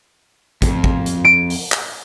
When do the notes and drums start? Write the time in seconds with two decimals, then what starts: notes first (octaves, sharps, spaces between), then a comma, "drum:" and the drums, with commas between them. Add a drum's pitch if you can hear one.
0.62 F2, drum: kick, hi-hat
0.84 drum: kick
1.06 drum: hi-hat
1.25 D7
1.50 drum: open hi-hat
1.72 drum: clap